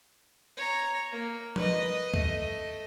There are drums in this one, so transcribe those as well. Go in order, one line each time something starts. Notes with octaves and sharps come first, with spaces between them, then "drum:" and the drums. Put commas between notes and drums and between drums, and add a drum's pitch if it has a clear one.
C#5 A#5
A#3
B4 D#5, drum: tom F3
A3 D#5, drum: kick